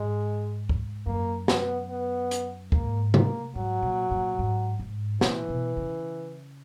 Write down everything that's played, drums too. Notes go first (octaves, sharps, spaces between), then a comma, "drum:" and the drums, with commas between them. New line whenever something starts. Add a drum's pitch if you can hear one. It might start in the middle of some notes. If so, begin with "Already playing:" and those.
Already playing: G#2 G#3
drum: kick
F#2 A#3
B3, drum: snare
B3
drum: hi-hat
G#2 A#3, drum: kick
A#3, drum: tom C3
G#2 F#3
A#2
A#2
G#2
G#2
A#2 E3, drum: snare
B2
C#3